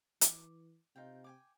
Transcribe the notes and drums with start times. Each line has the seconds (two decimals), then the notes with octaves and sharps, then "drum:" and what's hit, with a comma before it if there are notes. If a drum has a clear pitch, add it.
0.21 E3 D6, drum: hi-hat
0.96 C3 D#4 F4 G5
1.24 G5 G#5 D6